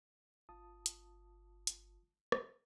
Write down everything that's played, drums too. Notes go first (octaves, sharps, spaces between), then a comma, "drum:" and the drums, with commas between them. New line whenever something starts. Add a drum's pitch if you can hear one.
G1 F4 A5 D#6
drum: hi-hat
drum: hi-hat
drum: rim click